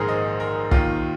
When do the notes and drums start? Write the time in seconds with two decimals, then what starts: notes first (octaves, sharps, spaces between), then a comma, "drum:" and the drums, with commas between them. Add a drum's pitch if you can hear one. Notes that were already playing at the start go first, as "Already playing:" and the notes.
Already playing: A#1 G#2 D#3 G#4 A#4 C5
0.08 D#5
0.40 A#4
0.71 D#2 D#3 F4, drum: kick